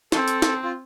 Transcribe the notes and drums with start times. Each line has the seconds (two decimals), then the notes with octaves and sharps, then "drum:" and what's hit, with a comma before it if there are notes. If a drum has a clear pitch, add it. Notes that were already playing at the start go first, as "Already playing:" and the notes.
0.12 C4 A4, drum: snare
0.28 drum: hi-hat
0.42 drum: snare
0.64 F4